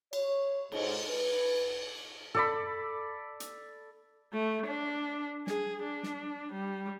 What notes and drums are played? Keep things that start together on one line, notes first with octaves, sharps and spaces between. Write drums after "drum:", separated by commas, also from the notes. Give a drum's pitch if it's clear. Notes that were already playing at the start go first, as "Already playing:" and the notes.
C#5, drum: cymbal
G#2, drum: cymbal
B4
A4 D5 B5, drum: tom
drum: hi-hat
A3
D4
G#4, drum: snare
D4
drum: snare
G3